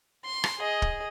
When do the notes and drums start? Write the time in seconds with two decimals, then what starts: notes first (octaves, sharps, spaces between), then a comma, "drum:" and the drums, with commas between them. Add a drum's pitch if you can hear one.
0.24 C6
0.44 drum: rim click
0.58 G#4 D#5
0.82 drum: kick